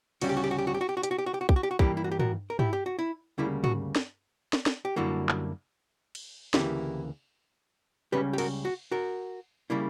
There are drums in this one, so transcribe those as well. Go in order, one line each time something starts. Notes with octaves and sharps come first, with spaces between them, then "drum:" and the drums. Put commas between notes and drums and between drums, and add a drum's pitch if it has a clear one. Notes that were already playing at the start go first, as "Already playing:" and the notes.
D2 C#3 G3 C#4 F#4, drum: cymbal
G4
F#4
G4
F#4
G4
F#4
G4
F#4
G4
F#4
G4, drum: hi-hat
F#4
G4
F#4
G4
F#4
G4, drum: kick
F#4
G4
F#4
G2 E3 G3 A#3 E4 G4, drum: kick
E4
F#4
G4
F#4 A#4, drum: tom
A#4
E4 G4, drum: tom
G4
F#4
E4
D2 C#3 G3 A#3 E4
F#4, drum: tom
drum: snare
drum: snare
drum: snare
G4
F#2 D3 G3 A#3 E4 F#4
drum: clap
drum: cymbal
D2 C#3 E3 A#3 E4 G4, drum: snare
C#2 C#3 G3 C#4 G4 B4
G4
F#4 A#4, drum: cymbal
F#4
F#4 A#4
C#3 G3 A#3 E4